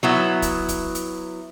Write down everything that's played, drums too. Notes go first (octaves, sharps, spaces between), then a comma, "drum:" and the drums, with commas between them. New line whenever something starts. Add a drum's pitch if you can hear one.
F#3 B3 E4
drum: kick, hi-hat
drum: kick, hi-hat
drum: hi-hat